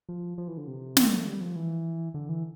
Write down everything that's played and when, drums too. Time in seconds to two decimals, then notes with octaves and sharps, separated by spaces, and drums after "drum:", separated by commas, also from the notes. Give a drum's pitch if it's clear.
0.09 F3
0.38 F3
0.48 E3
0.57 D3
0.67 C3
0.97 E3, drum: snare
1.07 A#3
1.17 A3
1.27 G3
1.41 F3
1.56 E3
2.14 D3
2.29 E3